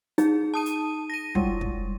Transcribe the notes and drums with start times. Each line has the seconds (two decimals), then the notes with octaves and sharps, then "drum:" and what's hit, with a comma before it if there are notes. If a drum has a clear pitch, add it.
0.18 D#4 G#4, drum: hi-hat
0.54 A5 D#6 D#7
0.66 drum: hi-hat
1.10 A#6 D#7
1.35 G3 G#3, drum: kick
1.61 drum: kick